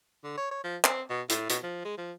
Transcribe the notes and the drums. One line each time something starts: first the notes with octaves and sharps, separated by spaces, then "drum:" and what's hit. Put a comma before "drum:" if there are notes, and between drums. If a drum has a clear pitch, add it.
D3
C#5
C#5
F3
C4, drum: clap
B2
A2, drum: hi-hat
B2, drum: hi-hat
F3
G#3
F3